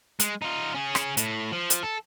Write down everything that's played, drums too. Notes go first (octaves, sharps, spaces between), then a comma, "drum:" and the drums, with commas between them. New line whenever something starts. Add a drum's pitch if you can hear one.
G#3, drum: hi-hat
D#4 F4
C#4 G#4
drum: rim click
A2, drum: hi-hat
F3
drum: hi-hat
A4